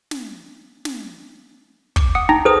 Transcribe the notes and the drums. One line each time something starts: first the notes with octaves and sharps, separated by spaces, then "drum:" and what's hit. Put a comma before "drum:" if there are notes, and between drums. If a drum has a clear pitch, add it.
drum: snare
drum: snare
D6, drum: kick
F#5 D#6 C#7
D#4 G5 A#5 A#6
G#4 A4 B4 C5 D#6